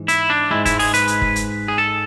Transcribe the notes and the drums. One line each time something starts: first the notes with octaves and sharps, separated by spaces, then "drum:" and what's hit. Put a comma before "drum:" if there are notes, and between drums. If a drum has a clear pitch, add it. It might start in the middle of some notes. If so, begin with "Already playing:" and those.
Already playing: G#2 E3
E4, drum: hi-hat
D4
G#2 G#3 E4
E4, drum: kick, hi-hat
G#4, drum: open hi-hat
B4, drum: hi-hat
drum: hi-hat
drum: kick
drum: hi-hat
G#4
A4